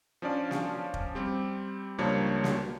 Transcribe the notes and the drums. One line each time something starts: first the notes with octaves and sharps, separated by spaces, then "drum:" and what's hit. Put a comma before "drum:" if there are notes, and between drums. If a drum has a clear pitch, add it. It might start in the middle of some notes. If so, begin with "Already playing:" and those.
F3 C#4 D4 D5 F5
drum: snare
drum: kick
G3 C4 G4
C#2 F3 G3 A#3 D4 C#5
drum: snare